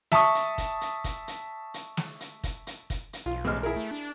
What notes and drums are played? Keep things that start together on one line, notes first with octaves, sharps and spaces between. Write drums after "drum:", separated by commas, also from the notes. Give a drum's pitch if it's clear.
E5 A5 C#6 D#6, drum: snare
drum: hi-hat
drum: kick, hi-hat
drum: hi-hat
drum: kick, hi-hat
drum: hi-hat
drum: hi-hat
drum: snare
drum: hi-hat
drum: kick, hi-hat
drum: hi-hat
drum: kick, hi-hat
drum: hi-hat
B1 F4
A1 G#3 F6
E4 G#4 A#4
A3
D4